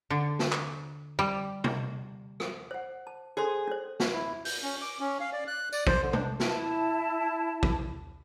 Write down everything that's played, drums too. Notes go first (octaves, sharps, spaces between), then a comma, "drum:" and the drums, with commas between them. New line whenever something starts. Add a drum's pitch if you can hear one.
D3
drum: snare
drum: clap
G3
drum: tom B2
drum: rim click
C5 F#5
A5
G#4 A4 C5 C6
C#4 C5
drum: snare
E4
G6, drum: open hi-hat
C#4
D6
C#4
F5
D5
F#6
D5, drum: tambourine
C5, drum: kick
D3
D4, drum: tom B2
E4 A5, drum: snare
drum: kick